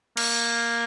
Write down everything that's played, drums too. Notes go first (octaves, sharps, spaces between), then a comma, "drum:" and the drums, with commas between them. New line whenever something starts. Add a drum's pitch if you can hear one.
A#3, drum: cymbal